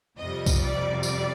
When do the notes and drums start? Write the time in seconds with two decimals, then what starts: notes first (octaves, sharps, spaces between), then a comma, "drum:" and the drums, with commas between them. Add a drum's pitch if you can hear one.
0.18 F2 C3 G3 D#5
0.46 drum: kick B1, tambourine
0.60 D5
1.03 D5, drum: tambourine